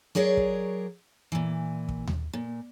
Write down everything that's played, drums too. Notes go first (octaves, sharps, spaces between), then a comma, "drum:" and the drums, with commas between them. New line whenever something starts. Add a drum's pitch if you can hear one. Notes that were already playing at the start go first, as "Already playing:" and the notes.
F#3 G#4 A#4 C#5 D5
drum: kick
A#2 E3
drum: kick
drum: tom D#2
A#2